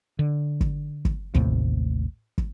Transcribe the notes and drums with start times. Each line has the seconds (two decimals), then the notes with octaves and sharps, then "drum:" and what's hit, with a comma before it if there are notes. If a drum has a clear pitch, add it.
0.19 D3
0.61 drum: kick
1.05 drum: kick
1.34 A1 D#2 A2 C3, drum: kick
2.38 drum: kick